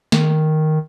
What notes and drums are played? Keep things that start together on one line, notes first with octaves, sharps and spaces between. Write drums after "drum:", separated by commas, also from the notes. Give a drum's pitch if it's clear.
D#3, drum: snare